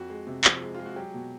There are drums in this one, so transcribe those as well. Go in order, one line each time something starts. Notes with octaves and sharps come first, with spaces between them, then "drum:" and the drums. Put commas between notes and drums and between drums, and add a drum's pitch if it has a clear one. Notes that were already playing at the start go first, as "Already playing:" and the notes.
Already playing: F2 F#4
G#3
C3
F3, drum: clap
G#3
G#3 F4
F#4
F#3 G4
B2